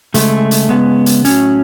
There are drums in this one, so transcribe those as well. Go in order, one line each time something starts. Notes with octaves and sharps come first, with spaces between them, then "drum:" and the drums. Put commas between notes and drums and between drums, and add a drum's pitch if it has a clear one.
C#3 G#3 A3, drum: hi-hat
drum: hi-hat
C#3 G#3 B3
drum: hi-hat
A2 F#3 C#4, drum: hi-hat